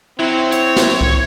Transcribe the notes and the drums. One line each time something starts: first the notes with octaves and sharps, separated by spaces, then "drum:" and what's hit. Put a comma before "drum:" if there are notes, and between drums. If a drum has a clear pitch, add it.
F#3 C4 E4 F#4
C#5, drum: hi-hat
drum: snare
drum: kick C2